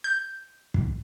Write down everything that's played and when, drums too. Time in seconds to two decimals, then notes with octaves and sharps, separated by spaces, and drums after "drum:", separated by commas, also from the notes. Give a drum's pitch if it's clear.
0.04 G6
0.74 drum: kick